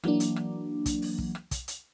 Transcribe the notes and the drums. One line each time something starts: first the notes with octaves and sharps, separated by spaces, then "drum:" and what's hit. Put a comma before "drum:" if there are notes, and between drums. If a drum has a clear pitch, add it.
E3 F#3 A#3 D4, drum: rim click
drum: hi-hat
drum: rim click
drum: kick, hi-hat
drum: open hi-hat
drum: kick
drum: rim click
drum: kick, hi-hat
drum: hi-hat